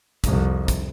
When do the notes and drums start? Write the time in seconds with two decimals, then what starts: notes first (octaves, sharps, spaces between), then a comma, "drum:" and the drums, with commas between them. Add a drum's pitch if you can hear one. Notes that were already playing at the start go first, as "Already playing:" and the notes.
0.24 C2 F2, drum: kick, hi-hat
0.68 drum: kick, hi-hat